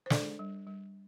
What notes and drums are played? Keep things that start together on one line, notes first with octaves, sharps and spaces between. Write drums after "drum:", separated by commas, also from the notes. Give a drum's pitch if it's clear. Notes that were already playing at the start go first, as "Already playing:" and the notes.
C5
D4 A4 D5, drum: snare
G3
G3